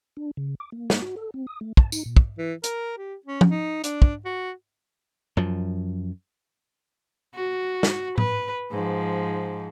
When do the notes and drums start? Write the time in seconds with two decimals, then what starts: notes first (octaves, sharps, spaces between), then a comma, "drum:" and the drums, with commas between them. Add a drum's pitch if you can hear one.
0.17 D4
0.37 C#3
0.60 D6
0.72 A#3
0.90 drum: snare
1.02 F#4
1.16 A4
1.34 C4
1.47 D#6
1.61 A3
1.77 A5, drum: kick
1.92 D#4, drum: tambourine
2.06 A#2
2.17 drum: kick
2.38 E3
2.64 A#4, drum: hi-hat
2.98 G4
3.26 C#4
3.41 drum: tom F3
3.50 D#4
3.84 D4, drum: hi-hat
4.02 drum: kick
4.25 F#4
5.37 F#2 F3
7.35 F#4
7.83 drum: snare
8.18 B4, drum: tom A2
8.71 G#2 F3